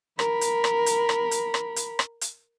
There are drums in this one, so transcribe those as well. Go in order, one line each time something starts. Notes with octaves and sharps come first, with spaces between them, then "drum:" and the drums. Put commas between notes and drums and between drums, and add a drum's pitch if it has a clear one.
A#4 B5, drum: rim click
drum: hi-hat
drum: rim click
drum: hi-hat
drum: rim click
drum: hi-hat
drum: rim click
drum: hi-hat
drum: rim click
drum: hi-hat